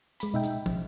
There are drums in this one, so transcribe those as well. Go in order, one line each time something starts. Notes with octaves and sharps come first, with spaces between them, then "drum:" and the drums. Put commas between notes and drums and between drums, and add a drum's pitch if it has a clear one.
G#3 B5, drum: hi-hat
B2 D#4 E5 G5
drum: hi-hat
A1, drum: tom